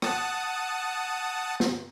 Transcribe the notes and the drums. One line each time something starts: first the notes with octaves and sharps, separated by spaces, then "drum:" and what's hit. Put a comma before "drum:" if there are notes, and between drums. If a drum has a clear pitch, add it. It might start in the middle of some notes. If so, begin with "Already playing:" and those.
F#5 A5 D#6, drum: rim click
drum: snare